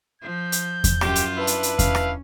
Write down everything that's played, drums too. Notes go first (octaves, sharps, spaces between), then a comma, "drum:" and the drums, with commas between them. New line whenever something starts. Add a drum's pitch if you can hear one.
F3 G6
drum: hi-hat
drum: kick E2, hi-hat
F#2 F4 G4, drum: rim click
drum: hi-hat
D4 E4 B4
drum: hi-hat
drum: hi-hat
C#4 F5, drum: kick E2, hi-hat
drum: rim click